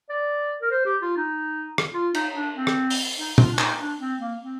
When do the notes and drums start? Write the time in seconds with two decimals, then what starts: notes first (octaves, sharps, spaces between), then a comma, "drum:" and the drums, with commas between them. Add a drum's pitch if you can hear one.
0.09 D5
0.62 A#4
0.71 C5
0.86 G4
1.02 F4
1.17 D#4
1.78 drum: rim click
1.94 F4
2.14 D#4, drum: cymbal
2.35 D4
2.56 C4
2.67 drum: rim click
2.90 drum: open hi-hat
3.18 D#4
3.38 F4, drum: tom
3.53 D4
3.59 D#4, drum: clap
3.79 D4
4.00 C4
4.20 A#3
4.41 C4